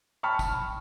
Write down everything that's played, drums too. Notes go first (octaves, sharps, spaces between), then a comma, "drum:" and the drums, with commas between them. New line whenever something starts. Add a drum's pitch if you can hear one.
G5 A5 B5 C#6 F6
drum: kick, tambourine